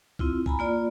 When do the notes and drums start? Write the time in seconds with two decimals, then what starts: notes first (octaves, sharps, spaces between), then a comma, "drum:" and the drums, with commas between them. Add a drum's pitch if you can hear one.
0.19 C4 E4 F4, drum: kick B1
0.46 G#5 A#5 B5, drum: kick B1
0.59 A#3 F4 D5